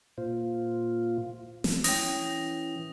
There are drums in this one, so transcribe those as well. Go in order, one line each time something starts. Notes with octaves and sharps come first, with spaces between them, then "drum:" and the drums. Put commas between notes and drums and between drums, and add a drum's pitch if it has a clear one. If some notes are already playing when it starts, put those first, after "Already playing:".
A#2 F4 C5
drum: snare
E3 C#4 C#5 G5 D#6 A#6, drum: open hi-hat